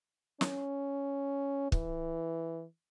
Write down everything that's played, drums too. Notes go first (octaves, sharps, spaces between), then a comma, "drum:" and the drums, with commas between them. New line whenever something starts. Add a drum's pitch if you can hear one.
C#4, drum: snare
E3, drum: kick